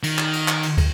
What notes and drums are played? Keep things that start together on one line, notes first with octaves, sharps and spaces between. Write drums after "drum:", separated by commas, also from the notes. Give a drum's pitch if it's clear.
D#3, drum: cymbal
drum: clap
drum: cymbal
drum: clap
drum: cymbal
drum: kick, cymbal